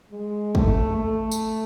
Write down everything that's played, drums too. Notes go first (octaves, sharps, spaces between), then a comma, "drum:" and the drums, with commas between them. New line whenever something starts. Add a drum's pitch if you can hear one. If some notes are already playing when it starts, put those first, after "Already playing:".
G#3
A3, drum: kick
A3
drum: tambourine